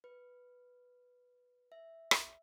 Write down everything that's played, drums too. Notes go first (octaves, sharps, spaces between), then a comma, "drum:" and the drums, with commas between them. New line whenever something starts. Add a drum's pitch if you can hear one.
B4
E5
drum: rim click